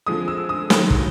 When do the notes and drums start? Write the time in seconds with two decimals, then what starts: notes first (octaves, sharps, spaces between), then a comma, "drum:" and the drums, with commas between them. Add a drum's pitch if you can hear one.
0.06 D3 F3 G#3 C4 D#6
0.28 E6
0.49 D#6
0.70 D#3 F#3 A3, drum: snare
0.90 drum: kick